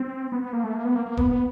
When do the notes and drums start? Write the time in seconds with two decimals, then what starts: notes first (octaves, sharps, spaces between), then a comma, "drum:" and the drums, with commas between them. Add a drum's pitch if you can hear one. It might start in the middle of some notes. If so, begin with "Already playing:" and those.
Already playing: C4
0.32 B3
0.42 B3
0.53 A#3
0.64 A3
0.74 A#3
0.85 B3
0.95 A#3
1.06 A#3
1.17 B3, drum: kick E1
1.31 B3